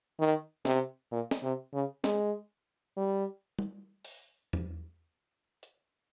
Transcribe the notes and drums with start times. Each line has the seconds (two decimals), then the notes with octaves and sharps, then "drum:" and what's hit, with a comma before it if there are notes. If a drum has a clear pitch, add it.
0.20 D#3
0.65 C3, drum: snare
1.12 A#2
1.31 drum: snare
1.43 C3
1.74 C#3
2.04 G#3, drum: snare
2.97 G3
3.59 drum: tom
4.05 drum: open hi-hat
4.53 drum: tom E2
5.63 drum: hi-hat